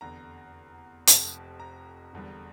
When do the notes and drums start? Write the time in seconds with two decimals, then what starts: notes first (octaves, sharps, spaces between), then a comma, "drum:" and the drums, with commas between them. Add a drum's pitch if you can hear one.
0.01 F1 E2 D3 A#5
1.07 F1 F2 C3 A5, drum: hi-hat
1.60 A#5
2.13 E1 E2 D3 G3